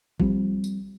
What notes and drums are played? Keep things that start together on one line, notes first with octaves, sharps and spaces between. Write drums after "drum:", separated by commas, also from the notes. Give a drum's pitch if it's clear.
F3 G3 C4, drum: kick G#1
drum: tambourine